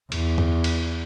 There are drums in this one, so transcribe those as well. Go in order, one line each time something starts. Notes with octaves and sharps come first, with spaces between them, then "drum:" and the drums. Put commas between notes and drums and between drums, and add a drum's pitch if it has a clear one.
E2, drum: cymbal
drum: tom
drum: cymbal